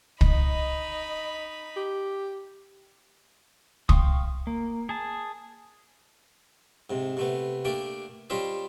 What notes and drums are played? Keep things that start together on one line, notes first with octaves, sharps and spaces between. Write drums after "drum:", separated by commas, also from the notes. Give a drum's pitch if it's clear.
D#4 D#5 B5, drum: kick
G4
F5 G5 C6 C#6 D#6, drum: kick
A#3
G#4 A5
G#2 C3
C3 A3 B3
A3 A#3 D4 G4 D5
G3 C#4 F4 C5 D#5 E5